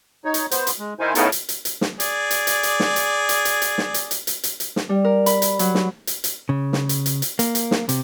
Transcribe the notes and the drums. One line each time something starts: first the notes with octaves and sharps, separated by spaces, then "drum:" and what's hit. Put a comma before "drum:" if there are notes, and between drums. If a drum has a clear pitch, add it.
D#4 C#5
drum: hi-hat
B3 C5, drum: hi-hat
drum: hi-hat
G#3
D#3 E4 C5 G#5
A2 C#3 B3 D#4, drum: hi-hat
drum: hi-hat
drum: hi-hat
drum: hi-hat
drum: snare
G#4 D5, drum: hi-hat
drum: hi-hat
drum: hi-hat
drum: hi-hat
drum: snare
drum: hi-hat
drum: hi-hat
drum: hi-hat
drum: hi-hat
drum: snare
drum: hi-hat
drum: hi-hat
drum: hi-hat
drum: hi-hat
drum: hi-hat
drum: snare
G3
A#4
B5, drum: hi-hat
drum: hi-hat
F#3, drum: hi-hat
drum: snare
drum: hi-hat
drum: hi-hat
C#3
drum: snare
drum: hi-hat
drum: hi-hat
drum: hi-hat
A#3, drum: hi-hat
drum: hi-hat
drum: snare
C3, drum: hi-hat